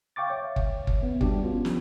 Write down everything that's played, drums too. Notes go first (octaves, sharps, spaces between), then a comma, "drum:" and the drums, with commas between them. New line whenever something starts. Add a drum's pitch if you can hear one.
F5 G5 C#6 D6 A6
C#5 E5
drum: kick
drum: kick
B3
G3 D4 F#4 G4, drum: kick
B3 C#4 F4
drum: snare